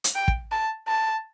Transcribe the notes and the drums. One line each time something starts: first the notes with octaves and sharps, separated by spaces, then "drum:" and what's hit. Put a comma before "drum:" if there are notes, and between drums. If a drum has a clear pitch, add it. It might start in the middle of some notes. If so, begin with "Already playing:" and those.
drum: hi-hat
G5
drum: kick
A5
A5